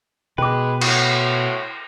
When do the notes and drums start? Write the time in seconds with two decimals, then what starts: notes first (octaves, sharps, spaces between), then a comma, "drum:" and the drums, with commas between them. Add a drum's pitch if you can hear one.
0.38 B2 G#3 B4 G5 D6
0.81 A2 F#4, drum: cymbal